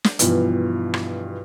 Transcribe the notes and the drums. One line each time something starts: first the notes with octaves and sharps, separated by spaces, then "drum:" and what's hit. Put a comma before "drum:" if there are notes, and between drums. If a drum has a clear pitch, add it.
drum: snare
G2 B2 E3 F3, drum: hi-hat
drum: rim click